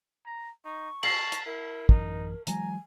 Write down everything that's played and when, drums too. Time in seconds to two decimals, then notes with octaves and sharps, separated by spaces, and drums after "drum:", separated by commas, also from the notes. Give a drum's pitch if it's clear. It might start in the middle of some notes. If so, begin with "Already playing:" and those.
0.26 A#5
0.65 D#4 C#6
1.03 A5 C7 F#7, drum: cymbal
1.32 drum: hi-hat
1.46 E4 A#4
1.89 A1 F#2 E3 D#4, drum: kick
2.47 E3 F#3 G#3 G#5 A#5, drum: hi-hat